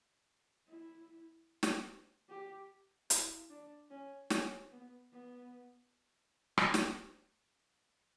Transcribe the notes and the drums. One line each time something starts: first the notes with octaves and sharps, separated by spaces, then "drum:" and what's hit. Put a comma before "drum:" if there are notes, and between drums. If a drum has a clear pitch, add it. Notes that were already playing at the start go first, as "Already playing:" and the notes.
E4
drum: snare
G4
E4, drum: hi-hat
D4
C#4
C#4, drum: snare
B3
B3
drum: rim click
drum: snare